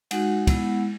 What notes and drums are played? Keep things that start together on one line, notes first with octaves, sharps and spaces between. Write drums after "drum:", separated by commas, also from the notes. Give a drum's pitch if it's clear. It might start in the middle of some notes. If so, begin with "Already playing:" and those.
G#3 D#4 F#4 F#5, drum: cymbal
G#3 B3 E4, drum: kick, cymbal